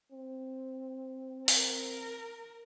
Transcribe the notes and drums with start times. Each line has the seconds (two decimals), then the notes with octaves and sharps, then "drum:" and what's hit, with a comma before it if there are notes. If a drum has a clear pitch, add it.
0.12 C4
1.48 A#4, drum: open hi-hat